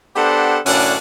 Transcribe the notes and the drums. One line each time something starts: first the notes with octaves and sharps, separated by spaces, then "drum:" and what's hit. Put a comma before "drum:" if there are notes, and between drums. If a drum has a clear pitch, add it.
B3 D4 G4 A4 C5 F#5
F#2 A2 D3 C#4 D4 F#5, drum: open hi-hat